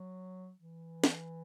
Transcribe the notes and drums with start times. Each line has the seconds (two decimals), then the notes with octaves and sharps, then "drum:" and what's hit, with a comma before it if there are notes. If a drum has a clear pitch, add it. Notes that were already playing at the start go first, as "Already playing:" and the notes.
Already playing: F#3
0.60 E3
1.04 drum: snare